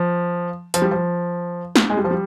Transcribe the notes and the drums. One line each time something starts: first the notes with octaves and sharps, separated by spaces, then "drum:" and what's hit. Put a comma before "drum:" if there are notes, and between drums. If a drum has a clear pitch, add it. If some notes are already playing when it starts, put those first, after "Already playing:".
Already playing: F3
F3, drum: hi-hat
G3
F3
drum: snare
G#3
G3
F3
G3